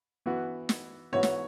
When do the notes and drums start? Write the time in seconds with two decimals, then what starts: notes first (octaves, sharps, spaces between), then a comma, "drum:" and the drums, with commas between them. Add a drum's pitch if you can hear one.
0.26 E3 B3 F#4
0.69 drum: snare
1.12 G#2 E3 B3 F#4 C#5
1.23 drum: snare